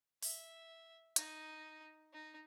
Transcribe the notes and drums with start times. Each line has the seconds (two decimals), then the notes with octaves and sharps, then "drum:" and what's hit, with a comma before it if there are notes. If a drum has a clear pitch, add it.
0.23 E5, drum: open hi-hat
1.16 D#4, drum: hi-hat
2.13 D#4